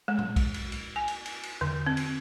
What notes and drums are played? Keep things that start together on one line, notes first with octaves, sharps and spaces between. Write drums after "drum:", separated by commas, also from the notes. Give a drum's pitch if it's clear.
G#3
drum: tom A2
drum: kick, cymbal
drum: cymbal
drum: cymbal
G#5
drum: cymbal
drum: cymbal
drum: cymbal
D3, drum: tom E2
C4
drum: cymbal